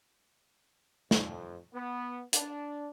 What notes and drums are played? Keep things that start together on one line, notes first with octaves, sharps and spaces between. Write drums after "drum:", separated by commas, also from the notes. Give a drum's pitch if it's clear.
F2, drum: snare
B3
D4, drum: hi-hat